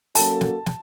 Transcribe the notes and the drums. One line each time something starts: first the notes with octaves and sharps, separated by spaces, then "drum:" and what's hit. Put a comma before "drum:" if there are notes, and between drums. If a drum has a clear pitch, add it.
F#3 A#3 C#4 F#4 A4 A5, drum: open hi-hat
drum: snare
drum: snare